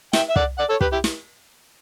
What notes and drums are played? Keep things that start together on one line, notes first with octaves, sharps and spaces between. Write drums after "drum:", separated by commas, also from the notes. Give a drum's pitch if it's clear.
E5 G5, drum: snare
E5
D5 F#5, drum: kick
D5 F#5
A4 C#5
G4 B4, drum: kick
E4 G4
drum: snare